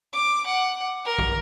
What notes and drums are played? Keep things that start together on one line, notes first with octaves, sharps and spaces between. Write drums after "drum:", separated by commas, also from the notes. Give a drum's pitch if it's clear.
D6
F#5
A#4
drum: kick